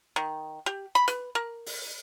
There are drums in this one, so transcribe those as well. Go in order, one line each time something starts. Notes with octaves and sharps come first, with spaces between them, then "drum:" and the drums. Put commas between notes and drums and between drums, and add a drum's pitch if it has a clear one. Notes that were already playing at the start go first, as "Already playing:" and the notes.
D#3
G4
B5
B4, drum: hi-hat
A#4
drum: open hi-hat